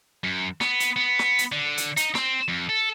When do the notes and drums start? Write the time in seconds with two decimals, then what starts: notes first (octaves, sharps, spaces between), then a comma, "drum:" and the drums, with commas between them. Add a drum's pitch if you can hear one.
0.24 F#2
0.61 B3, drum: snare
0.80 drum: hi-hat
0.96 B3
1.19 drum: snare
1.39 drum: hi-hat
1.52 D3
1.78 drum: hi-hat
1.97 D#4, drum: hi-hat
2.15 C4, drum: snare
2.48 F2
2.69 A4